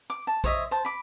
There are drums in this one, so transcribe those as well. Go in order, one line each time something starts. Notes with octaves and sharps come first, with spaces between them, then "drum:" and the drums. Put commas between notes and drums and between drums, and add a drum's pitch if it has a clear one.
D6
A5
C5 C#5 D#5 E5, drum: kick A#1, tambourine
C5 A5
B5 D6